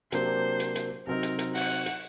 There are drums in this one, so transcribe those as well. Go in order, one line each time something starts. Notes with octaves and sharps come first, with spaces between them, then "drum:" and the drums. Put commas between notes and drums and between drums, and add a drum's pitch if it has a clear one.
C3 F#3 A#3 D4 G4 C5, drum: hi-hat
drum: hi-hat
drum: hi-hat
C3 F#3 C4 D#4 A#4
drum: hi-hat
drum: hi-hat
F#5, drum: open hi-hat
drum: hi-hat